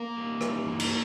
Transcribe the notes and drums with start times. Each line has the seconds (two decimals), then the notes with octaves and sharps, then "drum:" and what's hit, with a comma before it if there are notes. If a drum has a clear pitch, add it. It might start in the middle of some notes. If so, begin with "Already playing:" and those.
Already playing: A#3 A#4
0.16 G3
0.41 G3, drum: rim click
0.67 E3
0.80 drum: cymbal